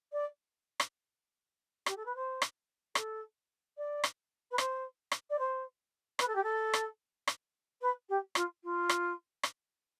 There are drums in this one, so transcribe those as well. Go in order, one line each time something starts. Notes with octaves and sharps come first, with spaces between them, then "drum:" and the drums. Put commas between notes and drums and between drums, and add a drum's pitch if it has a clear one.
D5
drum: rim click
G4, drum: rim click
A4
B4
C5
drum: rim click
A4, drum: rim click
D5
drum: rim click
B4
C5, drum: rim click
drum: rim click
D5
C5
B4, drum: rim click
A4
G4
A4
drum: rim click
drum: rim click
B4
G4
F4, drum: rim click
F4
drum: rim click
drum: rim click